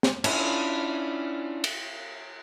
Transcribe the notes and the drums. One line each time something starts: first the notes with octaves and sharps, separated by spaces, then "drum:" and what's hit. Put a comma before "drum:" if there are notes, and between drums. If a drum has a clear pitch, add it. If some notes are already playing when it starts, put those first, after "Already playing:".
drum: snare
C#4 D4 E4 F4, drum: cymbal
drum: cymbal